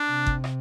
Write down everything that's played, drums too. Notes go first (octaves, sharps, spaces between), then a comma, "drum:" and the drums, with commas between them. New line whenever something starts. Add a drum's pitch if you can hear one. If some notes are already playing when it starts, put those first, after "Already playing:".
Already playing: D4
C3
drum: kick G1
drum: rim click